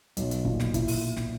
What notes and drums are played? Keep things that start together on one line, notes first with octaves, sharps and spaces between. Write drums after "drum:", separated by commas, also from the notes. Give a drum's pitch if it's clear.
B1, drum: hi-hat
drum: hi-hat
A#2, drum: kick
drum: snare
E4, drum: kick, hi-hat
drum: open hi-hat
drum: snare